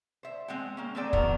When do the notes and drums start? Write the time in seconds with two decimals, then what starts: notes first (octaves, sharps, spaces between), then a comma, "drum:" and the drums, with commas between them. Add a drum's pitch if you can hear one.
0.23 C5 E5
0.48 G#3 C4 F#5 G5
0.77 A#3 C#4
0.95 A3 C4 G#4 A4 D5 G5
1.13 D#3 F#3 B3 A#5, drum: kick